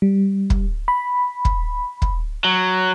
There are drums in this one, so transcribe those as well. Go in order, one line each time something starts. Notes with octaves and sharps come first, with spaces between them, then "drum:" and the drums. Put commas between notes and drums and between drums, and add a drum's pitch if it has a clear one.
G3
drum: kick
B5
drum: kick
drum: kick
F#3